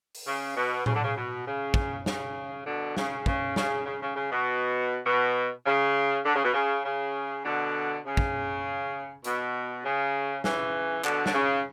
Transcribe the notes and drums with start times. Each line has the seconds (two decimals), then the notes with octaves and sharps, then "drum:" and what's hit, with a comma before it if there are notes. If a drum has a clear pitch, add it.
0.15 drum: open hi-hat
0.27 C#3
0.56 B2
0.86 C#3, drum: tom A2
0.95 D3
1.04 C#3
1.17 B2
1.46 C#3
1.74 drum: kick
2.06 C#3, drum: snare
2.66 B2 D3
2.97 C#3, drum: snare
3.26 C#3, drum: kick
3.56 C#3, drum: snare
3.86 C#3
4.01 C#3
4.16 C#3
4.31 B2
5.06 B2
5.66 C#3
6.25 D3
6.35 C#3
6.44 B2
6.54 C#3
6.85 C#3
7.45 B2 D3
8.05 C#3
8.17 drum: kick
9.24 B2, drum: hi-hat
9.84 C#3
10.44 C#3 E3, drum: snare
11.05 B2 D3, drum: clap
11.26 D3, drum: snare
11.34 C#3